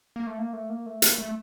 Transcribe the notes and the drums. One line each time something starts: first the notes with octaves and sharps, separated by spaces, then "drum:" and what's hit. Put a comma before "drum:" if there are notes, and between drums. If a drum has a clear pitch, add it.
A#3
A3
A#3
A3
A#3
A3
A#3, drum: hi-hat
A3